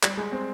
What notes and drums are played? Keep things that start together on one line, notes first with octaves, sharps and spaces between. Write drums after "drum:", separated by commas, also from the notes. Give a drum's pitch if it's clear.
G3, drum: clap
G#3
C4